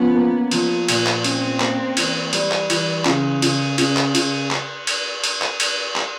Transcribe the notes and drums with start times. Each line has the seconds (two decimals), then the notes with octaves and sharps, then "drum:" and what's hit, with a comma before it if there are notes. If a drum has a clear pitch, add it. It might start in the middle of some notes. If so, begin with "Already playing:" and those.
Already playing: F3 B3 C#4
0.15 A#3
0.51 F3, drum: cymbal
0.89 A#2, drum: cymbal
1.06 drum: clap
1.24 C4 C#4, drum: cymbal
1.60 A#3, drum: clap
1.97 E3, drum: cymbal
2.33 G3, drum: cymbal
2.52 drum: clap
2.70 E3, drum: cymbal
3.05 C#3, drum: clap
3.42 C#3, drum: cymbal
3.78 C#3, drum: cymbal
3.97 drum: clap
4.15 C#3, drum: cymbal
4.51 drum: clap
4.87 drum: cymbal
5.24 drum: cymbal
5.42 drum: clap
5.60 drum: cymbal
5.96 drum: clap